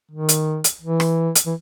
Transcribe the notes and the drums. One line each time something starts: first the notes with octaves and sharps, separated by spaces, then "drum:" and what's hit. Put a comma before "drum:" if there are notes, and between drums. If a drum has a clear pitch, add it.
D#3
drum: hi-hat
drum: hi-hat
E3
drum: rim click
drum: hi-hat
E3